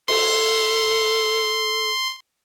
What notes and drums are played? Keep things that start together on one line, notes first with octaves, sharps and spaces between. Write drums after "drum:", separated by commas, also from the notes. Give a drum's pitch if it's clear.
A4 C6, drum: cymbal